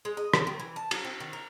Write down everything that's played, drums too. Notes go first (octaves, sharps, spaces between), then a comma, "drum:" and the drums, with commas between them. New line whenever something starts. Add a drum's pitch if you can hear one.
G#3
D#5
B3, drum: rim click
D#3
E3
A5
F#3, drum: cymbal
C4
D#3
A#4